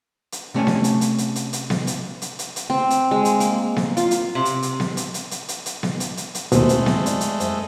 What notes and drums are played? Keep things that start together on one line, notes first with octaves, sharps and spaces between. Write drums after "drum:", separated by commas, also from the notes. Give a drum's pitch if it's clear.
drum: hi-hat
C3 A3 C#4 G#5
drum: snare B3
drum: hi-hat
drum: hi-hat
drum: hi-hat
drum: hi-hat
drum: hi-hat
drum: snare B3
drum: hi-hat
drum: hi-hat
drum: hi-hat
drum: hi-hat
C4
drum: hi-hat
G#3
drum: hi-hat
A#3, drum: hi-hat
drum: snare B3
F4, drum: hi-hat
drum: hi-hat
C3
drum: hi-hat
drum: hi-hat
drum: snare B3
drum: hi-hat
drum: hi-hat
drum: hi-hat
drum: hi-hat
drum: hi-hat
drum: snare B3
drum: hi-hat
drum: hi-hat
drum: hi-hat
D#2 B2 G#3 A3 C4 E4 C5, drum: hi-hat
drum: hi-hat
drum: snare B3
D5, drum: hi-hat
drum: hi-hat
C5 D5 E5, drum: hi-hat